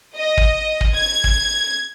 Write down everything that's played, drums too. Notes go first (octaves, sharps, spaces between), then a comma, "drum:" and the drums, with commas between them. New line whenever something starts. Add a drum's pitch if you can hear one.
D#5
drum: kick
drum: kick
G#6
drum: kick